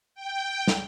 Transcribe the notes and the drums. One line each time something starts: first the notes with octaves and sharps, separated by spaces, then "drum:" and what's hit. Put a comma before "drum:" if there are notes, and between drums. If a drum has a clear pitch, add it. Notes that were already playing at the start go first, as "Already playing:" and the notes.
G5
drum: snare